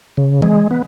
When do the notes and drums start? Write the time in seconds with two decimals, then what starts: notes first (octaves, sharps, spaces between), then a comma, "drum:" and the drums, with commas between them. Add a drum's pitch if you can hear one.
0.17 C#3
0.42 G#3, drum: tom E3
0.71 B3